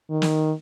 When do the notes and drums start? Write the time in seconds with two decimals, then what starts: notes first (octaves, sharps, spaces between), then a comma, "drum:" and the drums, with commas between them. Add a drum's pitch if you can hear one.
0.10 D#3
0.22 drum: snare